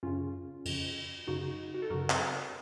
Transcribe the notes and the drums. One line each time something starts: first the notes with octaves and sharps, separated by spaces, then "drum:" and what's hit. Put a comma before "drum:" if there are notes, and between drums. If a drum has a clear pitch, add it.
F#2 C#3 C#4 F4
F2 C#3, drum: cymbal
F#2 C#3 D#4 F#4
F#4
A4
F#2 C#3 F#4 A#4
drum: clap